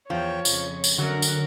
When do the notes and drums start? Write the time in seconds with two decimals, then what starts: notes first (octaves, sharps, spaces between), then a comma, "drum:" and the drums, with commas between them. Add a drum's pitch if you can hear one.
0.10 E2 F3 C#5 G5
0.45 F2 C#3, drum: tambourine
0.84 drum: tambourine
0.98 F#2 D3 F#3 A#4 F#5
1.22 drum: tambourine